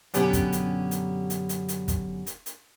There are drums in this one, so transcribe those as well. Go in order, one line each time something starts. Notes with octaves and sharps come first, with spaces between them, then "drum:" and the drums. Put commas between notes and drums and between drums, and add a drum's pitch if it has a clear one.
F#2 B2 D3 B3 C#4 G4, drum: hi-hat
drum: kick, hi-hat
drum: hi-hat
drum: hi-hat
drum: hi-hat
drum: hi-hat
drum: hi-hat
drum: kick, hi-hat
drum: hi-hat
drum: hi-hat